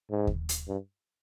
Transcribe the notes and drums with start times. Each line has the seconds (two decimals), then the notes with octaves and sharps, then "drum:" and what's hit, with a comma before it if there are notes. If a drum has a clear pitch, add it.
0.10 G#2
0.27 drum: kick D#2
0.49 drum: hi-hat
0.68 G2